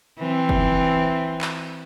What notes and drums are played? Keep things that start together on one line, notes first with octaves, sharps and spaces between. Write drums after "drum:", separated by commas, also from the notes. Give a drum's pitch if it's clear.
E3 C4
drum: kick
drum: clap